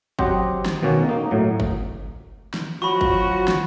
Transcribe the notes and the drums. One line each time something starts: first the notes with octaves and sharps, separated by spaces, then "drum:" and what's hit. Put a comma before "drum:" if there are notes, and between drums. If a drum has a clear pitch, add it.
F#3 C4 G4 C5 D#5 F#5, drum: kick G1
drum: snare
B2 D#3 A#3 C#4
A#3 D#4
A2 F#3
drum: kick G1
drum: snare
F3 F#3 F#4 B5 C#6
drum: kick G1
drum: snare